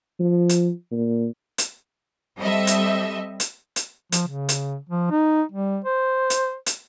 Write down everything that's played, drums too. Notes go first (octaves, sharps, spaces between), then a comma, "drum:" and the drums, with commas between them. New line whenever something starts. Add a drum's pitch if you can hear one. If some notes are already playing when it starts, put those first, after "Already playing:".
F3
drum: hi-hat
A#2
drum: hi-hat
G3 C4 A4 D#5 E5
drum: hi-hat
drum: hi-hat
drum: hi-hat
F3, drum: hi-hat
C#3
drum: hi-hat
F3
D#4
G3
C5
drum: hi-hat
drum: hi-hat